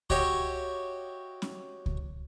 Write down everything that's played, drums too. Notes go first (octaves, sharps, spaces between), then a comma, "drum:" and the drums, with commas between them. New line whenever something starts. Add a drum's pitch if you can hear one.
F#4 G4 C#5 D#5 E5, drum: kick C#2
drum: snare C#4
drum: kick C#2